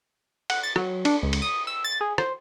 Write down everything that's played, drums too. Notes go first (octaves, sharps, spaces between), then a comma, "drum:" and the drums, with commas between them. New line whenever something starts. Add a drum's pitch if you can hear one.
F#5, drum: cymbal
A6
F#3, drum: rim click
D4, drum: cymbal
C#2
drum: cymbal
D#6
E6
A6
G#4
C5, drum: rim click